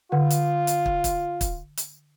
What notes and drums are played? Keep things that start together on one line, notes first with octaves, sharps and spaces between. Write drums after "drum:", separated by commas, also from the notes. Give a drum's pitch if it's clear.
D3 F4 F#5
drum: hi-hat
drum: hi-hat
drum: kick
drum: kick, hi-hat
drum: kick, hi-hat
drum: hi-hat